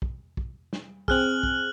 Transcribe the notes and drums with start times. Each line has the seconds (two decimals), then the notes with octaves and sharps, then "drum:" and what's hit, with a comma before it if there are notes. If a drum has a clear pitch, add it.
0.02 drum: kick
0.37 drum: kick
0.73 drum: snare
1.08 C4 G#4 F6 F#6 F#7, drum: kick
1.43 drum: kick